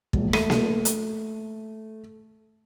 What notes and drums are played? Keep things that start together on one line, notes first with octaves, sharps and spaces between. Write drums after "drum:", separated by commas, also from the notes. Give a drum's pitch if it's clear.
E1 A#1, drum: kick
A3 D#7, drum: rim click
drum: snare A#3
drum: hi-hat